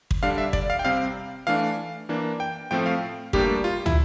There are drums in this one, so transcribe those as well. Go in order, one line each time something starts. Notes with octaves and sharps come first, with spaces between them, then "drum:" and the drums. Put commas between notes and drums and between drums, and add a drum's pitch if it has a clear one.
drum: kick
D3 G3 D4 F5
E5
D5, drum: kick
F5
G5
C3 G3 C4 F5
E3 A3 D4 F5
E3 A#3 D4
G5
A2 F3 A3 C4 G5
F5
A2 G3 A#3 D4 G4, drum: kick
F4
E4, drum: tom